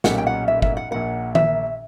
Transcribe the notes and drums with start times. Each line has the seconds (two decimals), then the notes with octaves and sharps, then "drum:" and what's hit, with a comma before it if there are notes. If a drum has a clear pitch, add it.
0.04 B1 A#2 A#3 C#4 G4 F#5, drum: snare
0.18 G5
0.27 F#5
0.48 E5
0.62 E5, drum: kick
0.77 F#5
0.91 A#1 A#2 A#3 F#5
1.35 E5, drum: tom D#3